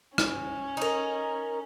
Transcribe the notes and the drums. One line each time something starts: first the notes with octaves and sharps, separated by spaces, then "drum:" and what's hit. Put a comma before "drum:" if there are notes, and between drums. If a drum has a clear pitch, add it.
C#4, drum: rim click
D#4 A#4